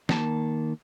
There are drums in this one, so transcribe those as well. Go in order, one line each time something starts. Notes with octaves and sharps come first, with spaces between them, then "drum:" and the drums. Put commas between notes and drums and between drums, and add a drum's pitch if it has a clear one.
D#3 A#3 A5, drum: snare